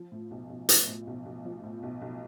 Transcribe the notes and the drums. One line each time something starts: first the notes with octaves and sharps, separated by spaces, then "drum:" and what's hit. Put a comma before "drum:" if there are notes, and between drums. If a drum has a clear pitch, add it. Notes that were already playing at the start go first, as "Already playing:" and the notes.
Already playing: F3
A2
B1
B1
F3, drum: hi-hat
A2
B1
B1
F3
A2
B1
B1